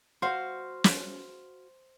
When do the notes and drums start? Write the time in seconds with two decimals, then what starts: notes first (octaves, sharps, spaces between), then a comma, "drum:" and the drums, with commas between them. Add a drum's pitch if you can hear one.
0.22 F#4 C5 F5
0.84 drum: snare